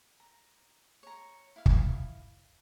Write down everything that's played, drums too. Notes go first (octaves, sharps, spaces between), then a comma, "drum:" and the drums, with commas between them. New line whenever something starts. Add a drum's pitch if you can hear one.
A#5
C#5 A#5
E4 F5
drum: kick